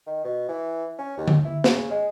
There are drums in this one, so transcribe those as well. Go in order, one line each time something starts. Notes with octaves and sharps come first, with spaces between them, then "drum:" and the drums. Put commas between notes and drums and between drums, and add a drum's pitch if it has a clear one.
D#3
B2
E3
C#4
D#2
drum: tom D3
E4
C#3, drum: snare
G#3